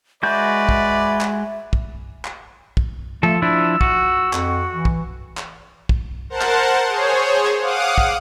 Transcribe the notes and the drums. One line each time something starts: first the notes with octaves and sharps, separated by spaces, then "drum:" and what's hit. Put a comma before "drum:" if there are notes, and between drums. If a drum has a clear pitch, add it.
G#3 F#4 B4 D5 E5 G6
drum: kick
drum: clap
drum: kick
drum: clap
drum: kick
F3 A3 A4
F3 D4 E4 E6
F#4, drum: kick
F2, drum: clap
E3
drum: kick
drum: clap
drum: kick
A#4 C5 F#5 A5
drum: clap
G#4 C5 C#5
drum: clap
F5 F#5 D6 D#6
drum: kick